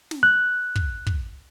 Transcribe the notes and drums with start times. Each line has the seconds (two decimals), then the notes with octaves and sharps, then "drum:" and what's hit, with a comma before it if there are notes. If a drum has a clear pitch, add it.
0.11 drum: snare
0.23 F#6
0.76 drum: kick
1.07 drum: kick